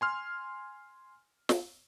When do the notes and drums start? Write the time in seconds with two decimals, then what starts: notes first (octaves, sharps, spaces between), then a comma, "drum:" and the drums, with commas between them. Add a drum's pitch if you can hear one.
0.01 G#5 C6 F6
1.49 drum: snare